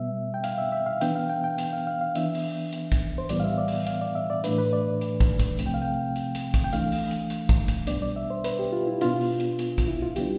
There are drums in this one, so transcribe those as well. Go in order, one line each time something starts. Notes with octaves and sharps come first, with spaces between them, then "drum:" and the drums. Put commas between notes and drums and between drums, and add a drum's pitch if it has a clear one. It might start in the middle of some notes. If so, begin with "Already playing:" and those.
Already playing: B2 G3 B3 E5
G5
F5, drum: hi-hat
E5
E5
F5
E3 B3 D4 G5, drum: hi-hat
F5
G5
G5
drum: hi-hat
F5
F5
F5
E3 B3 D4 E5, drum: hi-hat
drum: open hi-hat
drum: hi-hat
drum: kick, hi-hat
C5
A2 E3 G3 B3 D5, drum: hi-hat
F5
E5
D5
drum: open hi-hat
F5, drum: hi-hat
D5
E5
D5
A2 E3 A3 D4 B4, drum: hi-hat
B4
D5
drum: hi-hat
drum: kick, hi-hat
drum: kick, hi-hat
C3 F3 A3 C4, drum: hi-hat
G5
F5
G5
drum: hi-hat
drum: hi-hat
drum: kick, hi-hat
G5
E3 A3 D4 F5, drum: hi-hat
drum: open hi-hat
drum: hi-hat
drum: hi-hat
drum: kick, hi-hat
drum: kick, hi-hat
B2 G3 B3 D4 D5, drum: hi-hat
D5
E5
C5
B4, drum: hi-hat
G4
F4
E4
B2 B3 D4 F4, drum: hi-hat
drum: open hi-hat
drum: hi-hat
drum: hi-hat
drum: kick, hi-hat
E4
F4
D3 G3 B3 D4 G4, drum: hi-hat